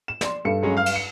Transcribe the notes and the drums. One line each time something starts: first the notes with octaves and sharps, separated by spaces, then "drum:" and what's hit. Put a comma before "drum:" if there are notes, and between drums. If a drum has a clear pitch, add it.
E7
D5 C6, drum: snare
G2 A4 C#7
F#3 G#3 C#4
F5 F6
drum: cymbal
C#7